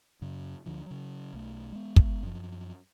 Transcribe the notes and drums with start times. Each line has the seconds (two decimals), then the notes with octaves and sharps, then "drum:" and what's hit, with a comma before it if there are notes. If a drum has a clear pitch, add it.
0.22 F#2 C#3
0.66 D2 D3 F3
0.86 C#3 F#3
1.33 B1 A3
1.72 G#3 B3
1.96 drum: kick
2.23 F#2 F3